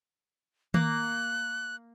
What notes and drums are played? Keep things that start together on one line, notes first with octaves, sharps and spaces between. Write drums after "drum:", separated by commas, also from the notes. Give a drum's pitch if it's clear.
A#3 F#6, drum: tom D#3